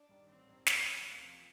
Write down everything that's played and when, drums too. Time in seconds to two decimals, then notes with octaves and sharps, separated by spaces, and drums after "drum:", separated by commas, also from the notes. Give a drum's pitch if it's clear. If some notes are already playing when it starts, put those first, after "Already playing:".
Already playing: D4
0.09 G2 D#3 G3
0.28 A1 C4
0.47 G2 D#3 G3
0.66 D2, drum: snare
0.85 C3 F3
1.04 D2 A#3
1.22 C3 F3